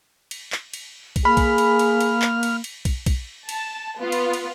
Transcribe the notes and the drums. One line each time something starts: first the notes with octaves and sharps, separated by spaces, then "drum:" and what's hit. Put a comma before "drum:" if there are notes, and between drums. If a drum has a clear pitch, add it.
drum: cymbal
drum: clap
drum: cymbal
drum: kick, cymbal
A#3 G#4 B5 F6
drum: kick, cymbal
drum: cymbal
drum: cymbal
drum: cymbal
drum: clap
drum: cymbal
drum: cymbal
drum: kick, cymbal
drum: kick, cymbal
A5, drum: cymbal
B3 F4
drum: cymbal
drum: cymbal